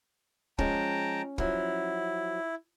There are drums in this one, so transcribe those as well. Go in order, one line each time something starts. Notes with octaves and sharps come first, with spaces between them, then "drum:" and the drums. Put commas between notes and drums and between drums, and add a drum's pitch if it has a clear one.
F3 G#3 C#4 G5 A5 A#5, drum: kick
F3 F#3 E4, drum: kick